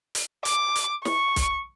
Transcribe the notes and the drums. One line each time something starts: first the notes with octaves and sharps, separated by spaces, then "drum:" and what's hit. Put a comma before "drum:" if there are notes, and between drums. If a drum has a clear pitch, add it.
drum: hi-hat
D6, drum: hi-hat
drum: hi-hat
C#6, drum: snare
drum: kick B1, hi-hat